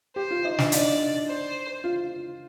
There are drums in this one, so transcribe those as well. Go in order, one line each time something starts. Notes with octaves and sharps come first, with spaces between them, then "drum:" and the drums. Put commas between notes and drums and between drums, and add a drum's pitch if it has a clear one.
G4 C5
F4
D#4
D4, drum: snare
D#4 D5, drum: hi-hat
C5
F4